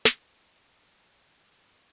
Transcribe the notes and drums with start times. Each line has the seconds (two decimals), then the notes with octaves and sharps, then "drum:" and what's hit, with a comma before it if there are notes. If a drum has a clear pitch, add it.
0.05 drum: snare
0.24 D3 D#3 F#3 C4 F#4 B4
0.73 D3 F#3 C5 D#5
1.47 A#4 C#5 D5 E5 G5 A#5